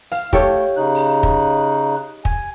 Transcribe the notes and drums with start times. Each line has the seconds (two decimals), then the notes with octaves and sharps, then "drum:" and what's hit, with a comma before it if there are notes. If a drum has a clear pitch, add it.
0.12 F5, drum: open hi-hat
0.33 A3 G4 A4 C#5, drum: kick
0.77 C#3 D#4 F#6
0.95 drum: open hi-hat
1.23 drum: kick
2.25 G#5, drum: kick